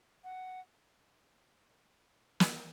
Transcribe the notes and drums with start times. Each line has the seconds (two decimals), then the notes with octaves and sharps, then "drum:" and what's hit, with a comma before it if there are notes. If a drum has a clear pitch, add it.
0.24 F#5
2.40 drum: snare